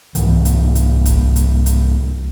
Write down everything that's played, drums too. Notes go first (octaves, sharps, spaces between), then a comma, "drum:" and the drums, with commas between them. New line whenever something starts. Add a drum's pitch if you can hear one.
C2 G#2 E3, drum: hi-hat
drum: hi-hat
drum: hi-hat
drum: kick, hi-hat
drum: hi-hat
drum: hi-hat